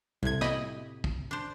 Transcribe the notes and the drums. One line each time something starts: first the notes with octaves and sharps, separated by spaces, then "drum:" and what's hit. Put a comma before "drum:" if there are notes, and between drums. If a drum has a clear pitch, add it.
C2 A2 C3 G#6
E4 G4 D#5 B5 D#6, drum: snare
drum: kick
D4 C5